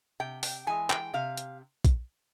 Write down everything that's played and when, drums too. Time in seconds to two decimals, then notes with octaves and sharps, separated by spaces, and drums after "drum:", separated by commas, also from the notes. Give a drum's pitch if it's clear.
0.20 C3 G5
0.43 G5, drum: open hi-hat
0.67 E3 G#3 G#5
0.90 G5, drum: clap
1.14 C3 F5
1.37 drum: hi-hat
1.85 drum: kick, hi-hat